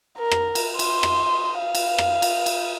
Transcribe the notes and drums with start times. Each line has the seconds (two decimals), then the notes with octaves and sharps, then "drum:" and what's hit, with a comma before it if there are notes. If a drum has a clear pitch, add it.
0.19 A#4
0.31 drum: rim click
0.55 drum: cymbal
0.79 C6, drum: cymbal
1.03 drum: rim click
1.59 F5
1.75 drum: cymbal
1.98 drum: rim click
2.22 drum: cymbal
2.46 drum: cymbal